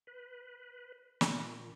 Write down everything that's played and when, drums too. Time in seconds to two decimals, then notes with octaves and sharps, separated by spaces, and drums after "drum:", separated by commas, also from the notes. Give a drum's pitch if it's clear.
0.07 B4
1.21 A#2, drum: snare